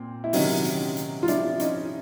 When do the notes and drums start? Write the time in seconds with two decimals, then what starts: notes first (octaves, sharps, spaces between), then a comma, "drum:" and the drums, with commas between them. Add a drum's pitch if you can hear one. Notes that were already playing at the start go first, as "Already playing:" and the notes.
Already playing: A#2 C4
0.24 E4
0.33 C3 D#3 F#3 C#4 D#4, drum: open hi-hat
0.65 drum: hi-hat
0.97 drum: hi-hat
1.23 F4
1.28 C3 F3 D4 E4, drum: hi-hat
1.60 C#4 D#4, drum: hi-hat